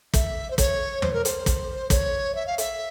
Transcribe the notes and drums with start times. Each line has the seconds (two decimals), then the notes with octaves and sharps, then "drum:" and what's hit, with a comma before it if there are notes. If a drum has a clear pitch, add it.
0.14 E5, drum: kick, hi-hat
0.50 C5
0.58 C#5, drum: kick, hi-hat
1.02 C5, drum: tom
1.13 A#4
1.25 C5, drum: hi-hat
1.46 drum: kick, hi-hat
1.90 C#5, drum: kick, hi-hat
2.35 E5
2.46 F5
2.58 E5, drum: hi-hat